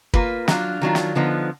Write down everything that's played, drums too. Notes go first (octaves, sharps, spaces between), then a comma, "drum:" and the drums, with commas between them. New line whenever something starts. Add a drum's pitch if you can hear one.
A#3 F4 B4, drum: kick
F#3 D4 F4, drum: snare
D#3 F#3 D4 F4
drum: snare
D3 F3 B3 D#4